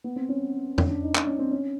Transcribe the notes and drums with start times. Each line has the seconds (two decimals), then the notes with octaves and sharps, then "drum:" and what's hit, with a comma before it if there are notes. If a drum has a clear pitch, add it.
0.04 B3
0.16 C4
0.29 C#4
0.78 C#4, drum: tom E2
0.90 D4
1.03 D#4
1.15 D4, drum: clap
1.27 C#4
1.39 C4
1.51 C#4